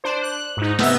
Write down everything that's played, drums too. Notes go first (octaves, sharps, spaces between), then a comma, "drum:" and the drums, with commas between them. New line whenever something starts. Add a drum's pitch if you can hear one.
D4 C5
F#6
G#2 D#4
C3 B3 E5 E6 A#6, drum: snare